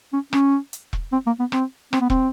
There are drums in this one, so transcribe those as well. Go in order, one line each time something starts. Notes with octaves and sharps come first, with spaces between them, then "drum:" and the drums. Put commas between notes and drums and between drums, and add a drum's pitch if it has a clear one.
C#4
C#4, drum: rim click
drum: hi-hat
drum: kick E1
C4
A#3
B3
C4, drum: rim click
C4, drum: rim click
B3
C4, drum: kick E1